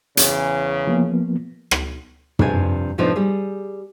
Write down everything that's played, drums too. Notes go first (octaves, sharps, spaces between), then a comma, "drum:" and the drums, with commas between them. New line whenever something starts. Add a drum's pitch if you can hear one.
E2 C#3, drum: hi-hat
F3 A#3 B3
drum: rim click
G2 C3 F3 D4 G#4 G#5, drum: tom
A2 C3 F3 B3 D4 D#4
G3 G#4